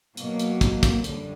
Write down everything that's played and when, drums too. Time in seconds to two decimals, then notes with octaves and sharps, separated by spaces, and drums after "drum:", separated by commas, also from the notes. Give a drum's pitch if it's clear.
0.17 B2 F#3 A#3, drum: hi-hat
0.39 drum: hi-hat
0.61 drum: kick, hi-hat
0.83 drum: kick, hi-hat
1.04 F#2 D3 G3, drum: hi-hat